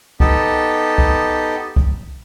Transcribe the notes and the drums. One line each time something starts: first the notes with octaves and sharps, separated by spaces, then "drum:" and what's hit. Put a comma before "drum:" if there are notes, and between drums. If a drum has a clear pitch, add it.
B3 D#4 G4 A4, drum: kick
drum: kick
drum: kick